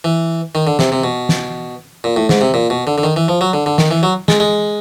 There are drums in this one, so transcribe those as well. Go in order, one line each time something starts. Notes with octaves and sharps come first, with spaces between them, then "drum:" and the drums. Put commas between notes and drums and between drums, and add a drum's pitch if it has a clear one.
E3
D#3
D3
C3, drum: snare
C3
B2
drum: snare
A#2
A2
G#2, drum: snare
C3
A#2
B2
D3
D3
D#3
E3
F3
F#3
D3
D3
D#3, drum: snare
E3
F#3
G#3, drum: snare
G#3